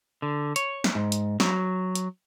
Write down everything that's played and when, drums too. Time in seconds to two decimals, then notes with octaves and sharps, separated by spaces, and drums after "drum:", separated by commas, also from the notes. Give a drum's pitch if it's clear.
0.22 D3
0.56 C#5, drum: hi-hat
0.84 drum: snare
0.95 G#2
1.12 drum: hi-hat
1.40 F#3, drum: snare
1.95 drum: hi-hat